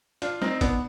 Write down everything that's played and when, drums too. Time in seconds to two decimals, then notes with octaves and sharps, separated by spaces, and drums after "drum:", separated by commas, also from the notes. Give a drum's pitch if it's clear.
0.22 D4 F4, drum: hi-hat
0.42 C4 D#4, drum: snare
0.61 B3 D4, drum: kick, hi-hat